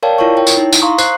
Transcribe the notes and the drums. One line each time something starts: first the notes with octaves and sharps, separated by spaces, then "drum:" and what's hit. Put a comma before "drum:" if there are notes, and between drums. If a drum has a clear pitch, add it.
A#4 C#5 D5 F5 G5 A5
E4 F4 A#4 C#5 C#6
C#5 G5
drum: tambourine
D#4 E4
drum: tambourine
F5 A#5 C6 C#6 D#6
C5 F#6 C7, drum: tambourine